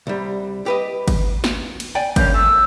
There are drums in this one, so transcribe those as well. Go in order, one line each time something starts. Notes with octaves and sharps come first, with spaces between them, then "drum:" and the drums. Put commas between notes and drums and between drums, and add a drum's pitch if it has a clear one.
C2 G3
G4 B4 D#5
drum: kick, cymbal
drum: snare
drum: cymbal
D5 G5 G#5
G2 A#3 C#4 G6, drum: kick, cymbal
A3 E6